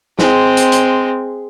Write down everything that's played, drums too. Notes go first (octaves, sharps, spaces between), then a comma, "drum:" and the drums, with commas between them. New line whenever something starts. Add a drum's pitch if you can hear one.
G#3 C4, drum: snare
drum: hi-hat
drum: hi-hat